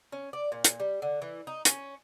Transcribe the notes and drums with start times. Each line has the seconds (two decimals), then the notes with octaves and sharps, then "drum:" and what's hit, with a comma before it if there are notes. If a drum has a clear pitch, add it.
0.12 C#4
0.33 D5
0.52 A#2
0.64 drum: hi-hat
0.80 G3
1.02 D3
1.22 E3
1.47 D#4
1.65 C#4, drum: hi-hat